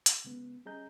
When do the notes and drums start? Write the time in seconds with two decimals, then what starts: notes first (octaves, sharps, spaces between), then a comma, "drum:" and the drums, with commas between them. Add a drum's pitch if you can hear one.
0.06 drum: hi-hat
0.24 C#3 G#3 B3
0.65 G3 C#4 G#4 D#5 A#5 G6